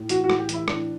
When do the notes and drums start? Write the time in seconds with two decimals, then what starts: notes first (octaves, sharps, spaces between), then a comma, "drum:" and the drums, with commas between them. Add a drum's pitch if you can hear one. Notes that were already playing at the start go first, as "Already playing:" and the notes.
Already playing: A2
0.09 E3 F#4, drum: hi-hat
0.24 F#4
0.30 A2, drum: rim click
0.39 G4
0.49 E3 E4, drum: hi-hat
0.68 A2 D4, drum: rim click